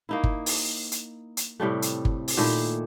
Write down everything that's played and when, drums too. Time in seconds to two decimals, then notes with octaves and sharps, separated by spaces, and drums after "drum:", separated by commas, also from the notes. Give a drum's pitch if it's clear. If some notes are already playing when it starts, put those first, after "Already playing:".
0.09 A#3 D#4 E4
0.24 drum: kick G1
0.46 drum: open hi-hat
0.92 drum: hi-hat
1.37 drum: hi-hat
1.60 A2 C3 G3 A3
1.82 drum: hi-hat
2.05 drum: kick G1
2.28 drum: open hi-hat
2.37 A#2 D#3 A3 E4